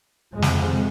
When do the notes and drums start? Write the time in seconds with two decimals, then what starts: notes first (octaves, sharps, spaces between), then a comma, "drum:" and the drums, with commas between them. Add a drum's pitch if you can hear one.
0.33 F2 C3 G#3
0.42 drum: snare